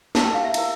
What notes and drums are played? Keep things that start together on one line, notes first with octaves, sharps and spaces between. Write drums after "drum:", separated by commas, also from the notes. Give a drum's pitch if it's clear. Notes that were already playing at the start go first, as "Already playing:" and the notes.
E4 G4 A#4 A5, drum: snare
G5
F5
E5
E4 A#4, drum: cymbal